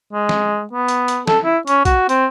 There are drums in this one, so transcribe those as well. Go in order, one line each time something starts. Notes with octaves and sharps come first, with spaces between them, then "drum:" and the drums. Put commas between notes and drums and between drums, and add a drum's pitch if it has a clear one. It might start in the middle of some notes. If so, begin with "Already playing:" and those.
G#3
drum: snare
B3
drum: hi-hat
drum: hi-hat
A4, drum: snare
E4
C#4, drum: hi-hat
F#4, drum: kick, hi-hat
C4, drum: hi-hat